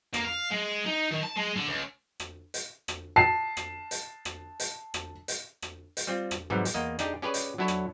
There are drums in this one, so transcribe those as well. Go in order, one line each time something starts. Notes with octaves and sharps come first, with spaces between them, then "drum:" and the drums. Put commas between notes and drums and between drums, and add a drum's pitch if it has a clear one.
A#3, drum: rim click
F5
G#3
D#4
D#3
A5
G#3
D3
C#2
drum: rim click
drum: hi-hat
drum: rim click
A5 C7
drum: rim click
drum: hi-hat
drum: rim click
drum: hi-hat
drum: rim click
drum: hi-hat
drum: rim click
drum: hi-hat
G3 C4 F4
drum: rim click
G#2 C3 E3 F#3 G3
drum: hi-hat
E2 A#3 D#5
D4 D#4 G4 G#4, drum: rim click
C#4 G4 G#4 B4 C#5 D5
drum: hi-hat
F#3 D4 E4 A4 C#5
drum: rim click